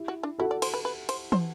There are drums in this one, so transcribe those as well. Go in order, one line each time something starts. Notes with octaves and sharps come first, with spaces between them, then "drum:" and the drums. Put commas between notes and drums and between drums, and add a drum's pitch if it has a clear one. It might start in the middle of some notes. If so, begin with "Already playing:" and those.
Already playing: E4 G4
F#4
D4
E4 F#4 A4
D5
C5, drum: cymbal
B4
B4
C5, drum: cymbal
C5, drum: tom